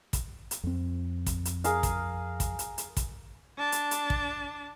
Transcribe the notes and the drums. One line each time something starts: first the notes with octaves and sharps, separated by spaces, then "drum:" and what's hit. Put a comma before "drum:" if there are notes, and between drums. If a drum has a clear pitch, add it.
drum: kick, hi-hat
drum: hi-hat
F2 C4
drum: kick, hi-hat
drum: hi-hat
G#4 A#4 F5, drum: hi-hat
drum: kick, hi-hat
drum: kick, hi-hat
drum: hi-hat
drum: hi-hat
drum: kick, hi-hat
D4 A5
drum: hi-hat
drum: hi-hat
drum: kick